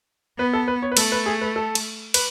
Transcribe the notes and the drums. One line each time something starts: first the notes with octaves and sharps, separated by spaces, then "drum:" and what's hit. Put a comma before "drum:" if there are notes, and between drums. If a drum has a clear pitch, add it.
B3 B4
A4
B4
C#5
B4
A3 A4, drum: cymbal
B4
G#4
B4
A4
drum: cymbal
B4, drum: cymbal